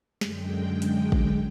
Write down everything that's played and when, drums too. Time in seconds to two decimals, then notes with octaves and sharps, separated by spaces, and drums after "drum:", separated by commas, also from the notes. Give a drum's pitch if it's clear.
0.21 F#2 D3 G#3 G5, drum: snare
0.82 drum: hi-hat
1.12 drum: kick